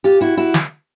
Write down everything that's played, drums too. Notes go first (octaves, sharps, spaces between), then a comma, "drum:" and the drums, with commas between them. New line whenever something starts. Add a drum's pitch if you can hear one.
F4 G4
E4 F#4
E4 F#4
drum: snare